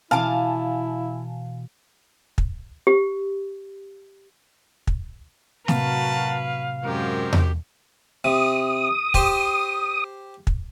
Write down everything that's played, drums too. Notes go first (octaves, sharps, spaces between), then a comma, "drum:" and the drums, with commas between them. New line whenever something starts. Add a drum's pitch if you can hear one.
B2 E3 E4 F5 G#5 A5 D6
drum: kick
G4
drum: kick
A2 C3 F#3 F#4 A#4 B4 F5 A5, drum: snare
F#2 G#3 C4 G4 A#4
drum: tom E2
C3 D#6
G4 C5 C6, drum: kick
drum: kick